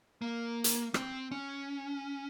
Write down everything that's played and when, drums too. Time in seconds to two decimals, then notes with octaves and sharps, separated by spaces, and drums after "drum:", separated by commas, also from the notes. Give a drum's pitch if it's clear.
0.22 A#3
0.64 drum: hi-hat
0.94 C4, drum: rim click
1.31 C#4